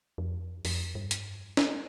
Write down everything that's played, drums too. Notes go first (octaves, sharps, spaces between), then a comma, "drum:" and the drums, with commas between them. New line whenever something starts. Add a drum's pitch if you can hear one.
F2
F2, drum: open hi-hat
G2
drum: hi-hat
drum: snare